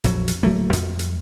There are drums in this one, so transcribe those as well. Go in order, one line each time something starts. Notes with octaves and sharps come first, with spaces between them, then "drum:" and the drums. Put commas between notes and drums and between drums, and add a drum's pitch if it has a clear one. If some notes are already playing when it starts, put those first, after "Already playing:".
A#1 F2 F#3, drum: hi-hat
drum: hi-hat
D1 F#3 A3 A#3
F2, drum: hi-hat
drum: hi-hat